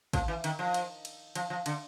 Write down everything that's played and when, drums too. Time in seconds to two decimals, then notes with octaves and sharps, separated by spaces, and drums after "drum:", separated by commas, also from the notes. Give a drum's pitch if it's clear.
0.13 F3, drum: kick, cymbal
0.28 E3
0.44 D#3, drum: cymbal
0.59 F3
0.74 drum: cymbal
1.05 drum: cymbal
1.35 F3, drum: cymbal
1.50 F3
1.66 D3, drum: cymbal